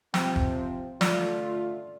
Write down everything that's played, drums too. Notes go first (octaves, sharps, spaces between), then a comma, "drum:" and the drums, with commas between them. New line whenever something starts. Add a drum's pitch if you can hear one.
C3 F3 C4 G5, drum: snare
drum: kick F#1
D3 A3 F4 D5, drum: snare